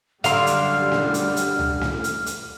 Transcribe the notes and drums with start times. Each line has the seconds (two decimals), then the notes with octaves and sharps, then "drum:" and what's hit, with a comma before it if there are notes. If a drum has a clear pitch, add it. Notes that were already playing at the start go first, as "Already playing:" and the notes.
0.24 F#2 D3 G3 F5 C6 F6, drum: hi-hat
0.47 drum: hi-hat
0.92 drum: snare
1.14 drum: hi-hat
1.36 drum: hi-hat
1.59 drum: tom C#2
1.81 drum: snare
2.04 drum: hi-hat
2.26 drum: hi-hat